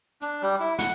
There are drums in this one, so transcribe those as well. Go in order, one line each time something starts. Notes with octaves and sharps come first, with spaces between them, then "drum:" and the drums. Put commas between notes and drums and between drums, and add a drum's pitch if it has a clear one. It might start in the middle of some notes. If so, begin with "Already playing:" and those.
D4, drum: hi-hat
G3
E4
F#5, drum: snare